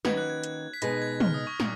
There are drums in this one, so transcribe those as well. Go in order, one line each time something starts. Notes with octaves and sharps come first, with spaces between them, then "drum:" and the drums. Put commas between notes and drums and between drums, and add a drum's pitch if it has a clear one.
D#3 A#3 C#4 F#4 B4 G#6, drum: snare
F#6
G#6
drum: hi-hat
B6
B2 G#3 D#4 G#4 B4 A#6, drum: hi-hat
G#6
F6, drum: tom
D#6
C#6
A#2, drum: snare